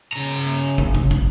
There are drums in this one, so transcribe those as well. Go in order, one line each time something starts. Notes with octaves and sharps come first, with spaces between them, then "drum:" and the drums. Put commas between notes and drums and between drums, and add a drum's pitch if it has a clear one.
C#3 A#5
drum: kick
drum: kick
drum: kick